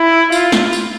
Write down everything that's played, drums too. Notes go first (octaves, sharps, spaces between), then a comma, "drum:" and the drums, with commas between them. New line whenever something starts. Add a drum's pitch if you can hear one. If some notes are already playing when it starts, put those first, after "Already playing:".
Already playing: E4
F4, drum: tambourine
drum: snare
drum: tambourine